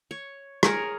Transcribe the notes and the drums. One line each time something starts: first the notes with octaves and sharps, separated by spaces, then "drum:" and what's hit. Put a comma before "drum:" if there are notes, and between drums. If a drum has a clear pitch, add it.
C#5
G#4 A#4 C#5, drum: rim click